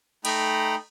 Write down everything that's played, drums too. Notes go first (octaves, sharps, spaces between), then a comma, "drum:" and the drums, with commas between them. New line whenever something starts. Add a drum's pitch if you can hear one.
A3 D#4 D#5 G5 A#5 B5, drum: cymbal